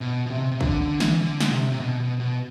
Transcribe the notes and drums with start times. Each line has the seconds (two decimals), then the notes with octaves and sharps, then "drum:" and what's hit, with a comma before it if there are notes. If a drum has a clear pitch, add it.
0.01 B2
0.26 B2
0.30 C3
0.51 C3
0.61 D3, drum: kick
0.81 D3
1.00 E3, drum: snare
1.21 D3
1.40 drum: snare
1.50 C3
1.72 C3
1.80 B2
2.00 B2
2.20 B2